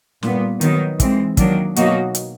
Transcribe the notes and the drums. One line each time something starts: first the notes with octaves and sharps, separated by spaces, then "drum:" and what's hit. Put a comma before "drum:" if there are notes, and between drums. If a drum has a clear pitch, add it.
A#2 G3 B3, drum: snare
D#3 F#3 B3 D#4, drum: hi-hat
E3 G#3 C4, drum: kick, hi-hat
D#3 F#3 A#3 D4, drum: kick, hi-hat
B2 F#3 A#3 D#4 F#4, drum: hi-hat
drum: hi-hat